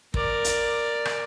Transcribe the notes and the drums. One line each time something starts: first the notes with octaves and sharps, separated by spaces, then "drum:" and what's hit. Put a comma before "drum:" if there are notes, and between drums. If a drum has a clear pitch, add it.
A#4 D5, drum: kick
drum: hi-hat
drum: rim click